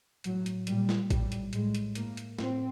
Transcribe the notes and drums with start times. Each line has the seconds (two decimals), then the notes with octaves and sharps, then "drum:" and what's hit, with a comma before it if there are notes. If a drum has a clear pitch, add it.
0.24 A2 F#3, drum: hi-hat
0.46 drum: hi-hat
0.67 A#2 G3, drum: hi-hat
0.89 drum: snare
1.10 A2 G3, drum: kick A1, hi-hat
1.32 drum: hi-hat
1.53 A2 G#3, drum: hi-hat
1.75 drum: hi-hat
1.95 A2 A#3, drum: hi-hat
2.17 drum: hi-hat
2.39 A2 C4, drum: snare